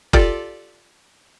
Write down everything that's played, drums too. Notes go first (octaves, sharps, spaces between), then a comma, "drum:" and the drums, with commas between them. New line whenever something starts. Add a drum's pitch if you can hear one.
F4 G4 A4 D5, drum: kick F1